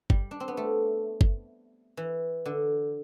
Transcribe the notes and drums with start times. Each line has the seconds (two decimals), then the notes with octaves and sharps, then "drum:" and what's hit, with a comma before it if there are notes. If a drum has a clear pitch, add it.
0.10 G3, drum: kick
0.31 D4
0.40 C4
0.48 B3
0.57 A3
1.21 drum: kick
1.97 E3
2.46 D3